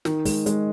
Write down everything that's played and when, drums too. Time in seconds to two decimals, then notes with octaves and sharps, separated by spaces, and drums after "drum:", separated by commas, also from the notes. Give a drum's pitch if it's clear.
0.05 D#3, drum: snare
0.25 G#3, drum: kick, open hi-hat
0.46 G#3, drum: hi-hat